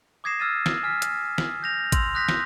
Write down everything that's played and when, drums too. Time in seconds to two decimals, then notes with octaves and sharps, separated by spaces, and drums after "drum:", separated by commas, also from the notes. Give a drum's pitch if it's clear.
0.24 D6 D#6 G#6 A#6 C7 E7
0.40 D6 E6 F6 G#6 A6 D#7
0.66 drum: snare
0.83 G#5 F6 B6
1.02 drum: hi-hat
1.38 drum: snare
1.63 G6 A#6 F7
1.92 C6 E6 F7, drum: kick, hi-hat
2.14 C6 D#6 F#6 G6 A#6 B6
2.29 drum: snare